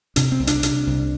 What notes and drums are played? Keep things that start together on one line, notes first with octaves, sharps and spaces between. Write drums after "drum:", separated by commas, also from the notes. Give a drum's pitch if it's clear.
C3 D4, drum: hi-hat
C4
C2
D4, drum: hi-hat
C3, drum: hi-hat
C2